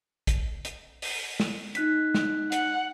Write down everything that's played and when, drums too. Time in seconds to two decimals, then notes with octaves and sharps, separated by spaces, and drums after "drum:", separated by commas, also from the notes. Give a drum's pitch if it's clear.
0.27 drum: kick, hi-hat
0.65 drum: hi-hat
1.02 drum: open hi-hat
1.40 drum: snare
1.75 D#4 F#6 B6, drum: hi-hat
2.14 drum: snare
2.52 F#5, drum: hi-hat